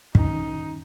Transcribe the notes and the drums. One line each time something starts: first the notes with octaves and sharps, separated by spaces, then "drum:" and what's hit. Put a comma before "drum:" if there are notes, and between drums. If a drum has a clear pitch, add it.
G2 D#3 C#4 D#4, drum: kick